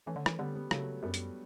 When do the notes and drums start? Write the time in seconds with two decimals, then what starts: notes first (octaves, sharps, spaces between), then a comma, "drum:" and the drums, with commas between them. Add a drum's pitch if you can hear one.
0.06 E3 A3 C#4
0.16 D3
0.26 E3, drum: rim click
0.39 D3 G3 B3
0.55 G3 B3
0.71 C#3 F#3 A3, drum: rim click
1.03 F#2 G3 B3
1.14 drum: hi-hat